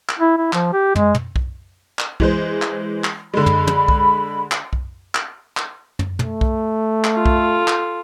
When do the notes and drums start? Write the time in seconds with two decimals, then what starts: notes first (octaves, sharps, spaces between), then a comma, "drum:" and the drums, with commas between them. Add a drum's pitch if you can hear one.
0.09 drum: clap
0.19 E4
0.37 E4
0.53 F3, drum: clap
0.73 G4
0.95 G#3, drum: tom
1.15 drum: tom
1.36 drum: kick B1
1.99 drum: clap
2.20 E3 G#3 C5, drum: kick B1
2.62 drum: clap
3.04 drum: clap
3.34 D3 G#3 B5
3.46 drum: tom
3.67 drum: tom
3.88 drum: kick B1
4.52 drum: clap
4.73 drum: kick B1
5.15 drum: clap
5.57 drum: clap
5.99 drum: tom
6.19 A3, drum: tom
6.41 drum: kick B1
7.04 drum: clap
7.15 F4 A4
7.26 drum: kick B1
7.68 drum: clap